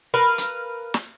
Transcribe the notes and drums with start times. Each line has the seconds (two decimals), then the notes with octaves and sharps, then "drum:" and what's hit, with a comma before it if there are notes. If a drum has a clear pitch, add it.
0.14 A#4 B4 F5
0.38 drum: hi-hat
0.94 drum: snare